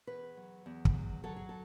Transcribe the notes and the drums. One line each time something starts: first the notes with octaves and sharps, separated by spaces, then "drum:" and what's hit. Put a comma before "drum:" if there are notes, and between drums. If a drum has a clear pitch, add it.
E2 B4
F#3
E2
drum: kick
F#3
F#3 A4
G#4
A4